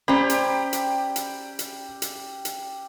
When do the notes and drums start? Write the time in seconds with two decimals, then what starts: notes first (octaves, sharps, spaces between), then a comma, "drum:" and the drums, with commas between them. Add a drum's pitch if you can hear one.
0.08 C#4 G4 C5 D5 A#5 B5
0.30 drum: hi-hat
0.73 drum: hi-hat
1.16 drum: hi-hat
1.59 drum: hi-hat
2.02 drum: hi-hat
2.45 drum: hi-hat